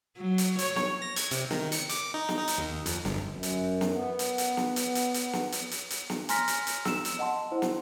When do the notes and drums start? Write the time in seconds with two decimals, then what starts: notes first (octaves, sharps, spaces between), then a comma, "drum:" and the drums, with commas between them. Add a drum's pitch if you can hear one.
0.17 F#3
0.38 drum: hi-hat
0.59 C#5, drum: hi-hat
0.76 drum: snare
1.02 A#6
1.16 G#6, drum: hi-hat
1.31 C3, drum: hi-hat
1.51 D#3, drum: snare
1.72 C#7, drum: hi-hat
1.89 D6, drum: hi-hat
2.14 D#4
2.29 drum: snare
2.38 D#4
2.48 drum: hi-hat
2.58 D#2
2.86 F2, drum: hi-hat
3.05 G1, drum: snare
3.29 F#2
3.43 drum: hi-hat
3.81 drum: snare
3.92 B3
4.19 drum: hi-hat
4.38 drum: hi-hat
4.57 drum: snare
4.76 drum: hi-hat
4.95 drum: hi-hat
5.14 drum: hi-hat
5.33 drum: snare
5.52 drum: hi-hat
5.71 drum: hi-hat
5.90 drum: hi-hat
6.10 drum: snare
6.29 G#5 A#5 C6 F6 A#6 B6, drum: hi-hat
6.48 drum: hi-hat
6.67 drum: hi-hat
6.85 E6 E7, drum: snare
7.05 drum: hi-hat
7.19 D#5 F#5 A5 C6
7.52 E4 C5 F#5
7.62 drum: snare